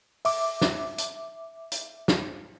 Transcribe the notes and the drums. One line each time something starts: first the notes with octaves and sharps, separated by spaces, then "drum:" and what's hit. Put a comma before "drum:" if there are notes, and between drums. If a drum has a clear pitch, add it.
E5 D6, drum: open hi-hat
drum: snare
drum: hi-hat
drum: hi-hat
drum: snare